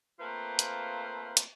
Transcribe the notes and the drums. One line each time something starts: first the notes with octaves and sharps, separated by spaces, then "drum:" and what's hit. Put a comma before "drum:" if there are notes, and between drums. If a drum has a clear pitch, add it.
A3 A#3 C4 F4 B4 C5
drum: hi-hat
drum: hi-hat